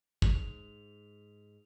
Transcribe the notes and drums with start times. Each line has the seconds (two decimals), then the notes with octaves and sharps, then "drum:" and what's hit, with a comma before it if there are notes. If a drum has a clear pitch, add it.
0.22 G#2 F7, drum: kick